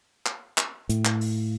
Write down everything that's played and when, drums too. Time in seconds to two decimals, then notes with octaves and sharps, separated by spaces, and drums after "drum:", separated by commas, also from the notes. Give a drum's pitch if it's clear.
0.26 drum: clap
0.58 drum: clap
0.89 A2, drum: hi-hat
1.05 drum: clap
1.21 drum: open hi-hat